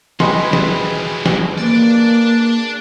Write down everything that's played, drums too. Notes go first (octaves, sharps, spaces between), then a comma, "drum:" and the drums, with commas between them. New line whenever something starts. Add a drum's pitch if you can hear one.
E3 F#3 G#4 B4 D#5 B5 C6, drum: snare
drum: snare
drum: snare
A#3 D4 D5